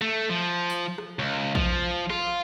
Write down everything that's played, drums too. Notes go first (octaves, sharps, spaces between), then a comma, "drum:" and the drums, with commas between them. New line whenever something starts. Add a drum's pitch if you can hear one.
A3
F3
drum: tambourine
drum: rim click
C#2
F3, drum: kick
F4, drum: rim click